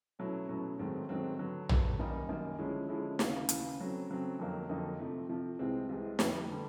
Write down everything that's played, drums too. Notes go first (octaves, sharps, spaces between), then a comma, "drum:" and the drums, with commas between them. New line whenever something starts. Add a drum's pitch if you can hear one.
B2 F#3 A3 C#4 E4
B2 F#3 A3 C#4 E4
G#2 D#3 F#3 A3 C4
G#2 D#3 F#3 A3 C4
D3 F#3 B3
D3 F#3 B3, drum: tom
F#2 D#3 G3 A#3 D#4
F#2 D#3 G3 A#3 D#4
D3 F3 G#3 C#4 E4
D3 F3 G#3 C#4 E4
D#2 C#3 E3, drum: snare
D#2 C#3 E3, drum: hi-hat
C#3 F#3 A3 C4
C#3 F#3 A3 C4
F2 D3 F#3 A#3 D#4
F2 D3 F#3 A#3 D#4
C3 F3 A3
C3 F3 A3
C2 C3 E3 G#3 C4
C2 C3 E3 G#3 C4
F2 D3 G3 B3, drum: snare
D3 G3